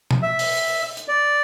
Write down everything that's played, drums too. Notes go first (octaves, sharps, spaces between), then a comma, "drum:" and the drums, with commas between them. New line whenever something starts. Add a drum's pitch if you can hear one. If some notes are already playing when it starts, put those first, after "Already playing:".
drum: tom A#2
E5
drum: open hi-hat
drum: hi-hat
D5